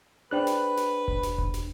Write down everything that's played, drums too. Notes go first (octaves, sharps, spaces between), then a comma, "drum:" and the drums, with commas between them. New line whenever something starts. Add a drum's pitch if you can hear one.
D4 G#4 B4 C5 G5 F#6
drum: snare
drum: snare
drum: kick E1
drum: snare
drum: kick E1
drum: snare